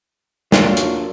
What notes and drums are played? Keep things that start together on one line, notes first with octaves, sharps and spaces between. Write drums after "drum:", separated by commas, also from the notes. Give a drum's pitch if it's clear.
F#3 A#3 D4 F4, drum: snare
drum: hi-hat